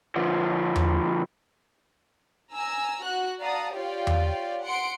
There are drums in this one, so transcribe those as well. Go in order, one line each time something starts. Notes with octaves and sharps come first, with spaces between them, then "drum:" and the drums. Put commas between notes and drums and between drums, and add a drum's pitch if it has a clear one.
D3 F3
drum: tom E2
G#5 A#5 E6
F#4 F#6
D5 F5 F#5 A5 A#5 D#6
F4 G4 C#5 D5 F5 G5
drum: tom E2
F#5 C6 C#7 D7